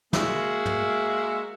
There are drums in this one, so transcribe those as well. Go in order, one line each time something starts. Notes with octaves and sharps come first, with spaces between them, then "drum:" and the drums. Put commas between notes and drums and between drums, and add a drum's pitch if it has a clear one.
G#3 A#3 F#4 G#4 E5, drum: snare
drum: tom